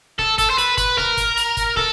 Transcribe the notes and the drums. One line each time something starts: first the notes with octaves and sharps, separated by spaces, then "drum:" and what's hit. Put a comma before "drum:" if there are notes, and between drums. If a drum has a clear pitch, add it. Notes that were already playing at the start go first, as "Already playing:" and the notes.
A4, drum: snare
A4, drum: kick, hi-hat
C5
B4, drum: hi-hat
B4, drum: kick, hi-hat
A#4, drum: snare
drum: kick, hi-hat
drum: hi-hat
drum: kick, hi-hat
A4, drum: snare